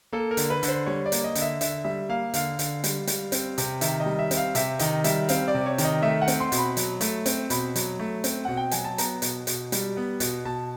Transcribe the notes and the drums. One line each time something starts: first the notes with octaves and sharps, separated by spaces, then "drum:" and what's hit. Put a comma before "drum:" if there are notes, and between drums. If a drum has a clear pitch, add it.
A#3 A4
A#4
D3, drum: hi-hat
B4
D3, drum: hi-hat
C5
G3 C#5
D5
A#3, drum: hi-hat
D#5
D3, drum: hi-hat
E5
D3 E5, drum: hi-hat
G3 E5
A#3 F5
D3 F5, drum: hi-hat
D3, drum: hi-hat
G3, drum: hi-hat
G3, drum: hi-hat
C4, drum: hi-hat
C3, drum: hi-hat
D#3 E5, drum: hi-hat
D#5
G3
E5
C4, drum: hi-hat
F5
C3 E5, drum: hi-hat
D#3 D#5, drum: hi-hat
G3 E5, drum: hi-hat
C4 F5, drum: hi-hat
D5
C3
C#5
D#3, drum: hi-hat
D#5
A3 E5
F#5
C4, drum: hi-hat
C6
B2, drum: hi-hat
B5
F#3, drum: hi-hat
A3, drum: hi-hat
C4, drum: hi-hat
B2 B5, drum: hi-hat
F#3, drum: hi-hat
A3
C4, drum: hi-hat
B2 F#5
G5
F#3 G#5, drum: hi-hat
A5
B3 A#5, drum: hi-hat
B2, drum: hi-hat
B2, drum: hi-hat
G3, drum: hi-hat
B3
B2, drum: hi-hat
B2 A5